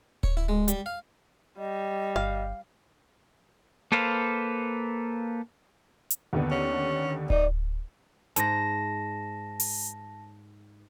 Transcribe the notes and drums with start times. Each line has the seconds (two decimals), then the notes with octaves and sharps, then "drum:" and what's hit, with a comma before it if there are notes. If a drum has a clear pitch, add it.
0.23 C#5, drum: kick D1
0.37 E4
0.49 G#3
0.68 G3, drum: hi-hat
0.86 F5
1.58 G3 D#5
2.16 G1 F5
3.92 A#3 A4 B4 C5 F5
6.10 drum: hi-hat
6.33 D#2 D3 B3
6.51 C#4
7.30 D#4 D5, drum: kick D1
8.36 G#2 A5 A#6, drum: hi-hat
9.60 drum: open hi-hat